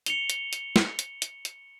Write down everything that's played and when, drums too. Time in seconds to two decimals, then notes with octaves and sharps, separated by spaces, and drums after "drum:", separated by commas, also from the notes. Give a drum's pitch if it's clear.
0.06 C#7 F7 G7, drum: hi-hat
0.30 drum: hi-hat
0.53 drum: hi-hat
0.76 drum: snare
0.99 drum: hi-hat
1.22 drum: hi-hat
1.45 drum: hi-hat